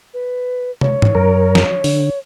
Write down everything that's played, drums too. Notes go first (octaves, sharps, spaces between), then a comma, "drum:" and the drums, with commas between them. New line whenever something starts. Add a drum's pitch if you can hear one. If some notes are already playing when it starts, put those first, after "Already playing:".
B4
C#5, drum: tom
drum: tom G#2
F#2 A#4
drum: snare
D3, drum: open hi-hat